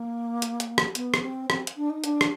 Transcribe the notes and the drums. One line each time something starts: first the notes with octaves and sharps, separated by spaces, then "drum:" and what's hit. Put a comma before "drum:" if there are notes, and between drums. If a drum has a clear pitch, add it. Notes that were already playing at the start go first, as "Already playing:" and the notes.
Already playing: A#3
drum: hi-hat
drum: hi-hat
drum: rim click
B3, drum: hi-hat
drum: rim click
C4
C4, drum: rim click
drum: hi-hat
D4
D#4
D4, drum: hi-hat
drum: rim click